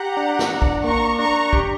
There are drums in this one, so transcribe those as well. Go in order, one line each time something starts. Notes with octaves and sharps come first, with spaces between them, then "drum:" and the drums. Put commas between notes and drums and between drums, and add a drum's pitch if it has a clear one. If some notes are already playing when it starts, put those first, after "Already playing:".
Already playing: G4 F#5 A#5
D4
drum: snare
D4
drum: kick
A#3 A#5 C#6
D4 A#5 C#6
G4, drum: kick